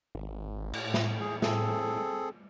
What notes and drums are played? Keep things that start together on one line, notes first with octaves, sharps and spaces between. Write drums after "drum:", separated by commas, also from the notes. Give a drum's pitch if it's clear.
G#1
A2, drum: cymbal
drum: snare
G#4
C4 G#4 A4, drum: snare